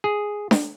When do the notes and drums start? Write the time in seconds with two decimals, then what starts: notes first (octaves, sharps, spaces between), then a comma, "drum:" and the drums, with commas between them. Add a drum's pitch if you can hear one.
0.04 G#4
0.51 drum: snare D4